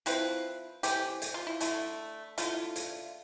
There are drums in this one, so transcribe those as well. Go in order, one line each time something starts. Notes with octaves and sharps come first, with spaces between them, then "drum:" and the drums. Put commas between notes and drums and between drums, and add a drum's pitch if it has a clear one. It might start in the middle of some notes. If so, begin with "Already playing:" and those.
F3 C4 E4 B4, drum: hi-hat
E3 A3 C4 E4 G4, drum: hi-hat
drum: hi-hat
F4
E4
D3 A3 E4, drum: hi-hat
D3 A3 E4 F4, drum: hi-hat
drum: hi-hat